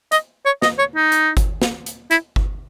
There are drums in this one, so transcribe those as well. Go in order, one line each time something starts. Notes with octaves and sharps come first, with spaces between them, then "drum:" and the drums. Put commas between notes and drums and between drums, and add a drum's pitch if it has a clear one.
D#5, drum: hi-hat
C#5
D#5, drum: snare
C#5
D#4
drum: hi-hat
drum: kick G1, hi-hat
drum: snare
drum: hi-hat
E4, drum: hi-hat
drum: kick G1